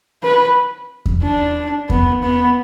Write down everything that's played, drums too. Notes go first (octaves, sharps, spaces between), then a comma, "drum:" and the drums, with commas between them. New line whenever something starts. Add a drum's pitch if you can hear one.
B4
drum: kick E2
D4
B3, drum: kick E2
B3